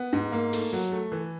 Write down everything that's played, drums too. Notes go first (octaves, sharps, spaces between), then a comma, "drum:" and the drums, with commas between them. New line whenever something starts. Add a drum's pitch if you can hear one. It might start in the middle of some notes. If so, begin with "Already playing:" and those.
Already playing: B3
G#2
A#3
A3, drum: open hi-hat
F#3
A3
E3